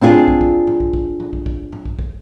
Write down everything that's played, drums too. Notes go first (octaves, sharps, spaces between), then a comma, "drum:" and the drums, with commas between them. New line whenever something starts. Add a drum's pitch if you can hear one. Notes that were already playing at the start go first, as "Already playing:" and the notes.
C4 D4 F4 G#4
drum: tom G2
drum: kick
drum: kick
drum: tom G#2
drum: kick
drum: kick
drum: tom
drum: kick
drum: kick
drum: tom G#2
drum: kick
drum: kick